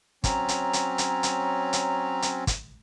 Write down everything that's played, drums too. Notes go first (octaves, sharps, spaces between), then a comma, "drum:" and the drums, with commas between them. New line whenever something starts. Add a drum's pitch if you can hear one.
F#3 C4 C#4 A#5, drum: kick, hi-hat
drum: hi-hat
drum: hi-hat
drum: hi-hat
drum: hi-hat
drum: hi-hat
drum: hi-hat
drum: kick, hi-hat